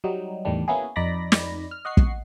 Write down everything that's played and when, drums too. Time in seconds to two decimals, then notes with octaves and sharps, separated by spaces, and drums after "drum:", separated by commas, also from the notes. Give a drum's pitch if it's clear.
0.04 F#3 G3 D#4
0.45 E2 A2 D#3 G3 D4
0.68 A#3 B3 C#4 E4 F#4 G#4
0.96 F2 D#4 D5 B5 A#6
1.32 drum: snare
1.71 F6
1.85 D#5 F#5 C#6 C7
1.97 drum: kick